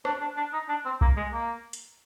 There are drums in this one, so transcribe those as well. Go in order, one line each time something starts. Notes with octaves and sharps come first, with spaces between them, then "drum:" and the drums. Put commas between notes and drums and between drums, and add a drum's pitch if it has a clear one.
D4, drum: rim click
D4
D4
D#4
D4
C4
A#3, drum: kick B1
G#3
A#3
drum: hi-hat